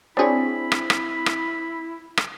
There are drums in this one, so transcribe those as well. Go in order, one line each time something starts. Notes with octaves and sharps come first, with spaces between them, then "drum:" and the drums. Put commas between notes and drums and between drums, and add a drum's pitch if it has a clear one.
C4 D4 E4 G#4 C#5 B5
drum: rim click
drum: rim click
drum: rim click
drum: rim click